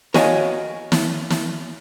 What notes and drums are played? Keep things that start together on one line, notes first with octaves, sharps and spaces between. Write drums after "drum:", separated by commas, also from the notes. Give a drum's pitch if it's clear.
F#4 A#4 C#5 D#5 F5 G#5, drum: snare
drum: snare
drum: snare